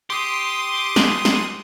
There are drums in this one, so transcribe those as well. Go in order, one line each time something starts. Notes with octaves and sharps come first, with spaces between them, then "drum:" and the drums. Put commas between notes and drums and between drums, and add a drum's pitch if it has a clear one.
G4 C6 D#6
drum: snare
drum: snare